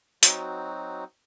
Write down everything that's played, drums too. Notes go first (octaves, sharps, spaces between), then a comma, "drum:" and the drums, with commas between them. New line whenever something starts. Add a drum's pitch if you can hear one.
F#3 C4 D#4 F#4, drum: hi-hat